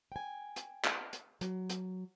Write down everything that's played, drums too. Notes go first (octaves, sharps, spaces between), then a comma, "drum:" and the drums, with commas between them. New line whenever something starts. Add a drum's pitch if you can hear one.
G5 G#5
drum: hi-hat
drum: clap
drum: hi-hat
F#3, drum: hi-hat
drum: hi-hat